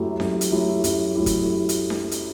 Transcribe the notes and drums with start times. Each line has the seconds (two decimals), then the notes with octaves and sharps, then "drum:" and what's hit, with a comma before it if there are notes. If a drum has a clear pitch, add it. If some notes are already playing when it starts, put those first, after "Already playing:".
Already playing: F#2 F#3 A3 E4 G4
0.20 F#2, drum: snare D4
0.41 drum: hi-hat
0.52 F#3 A3 E4 G4
0.84 F#2, drum: hi-hat
1.15 F#3 A3 E4 G4
1.26 drum: kick, hi-hat
1.69 drum: hi-hat
1.90 drum: snare D4
2.11 drum: hi-hat